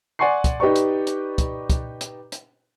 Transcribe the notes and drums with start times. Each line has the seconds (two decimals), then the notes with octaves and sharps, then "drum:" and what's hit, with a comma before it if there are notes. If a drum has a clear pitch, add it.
0.19 D5 F#5 G#5 C6 C#6 C7
0.44 drum: kick, hi-hat
0.60 D#4 G4 B4 D5 C#6
0.76 drum: hi-hat
1.07 drum: hi-hat
1.38 drum: kick, hi-hat
1.70 drum: kick, hi-hat
2.01 drum: hi-hat
2.32 drum: hi-hat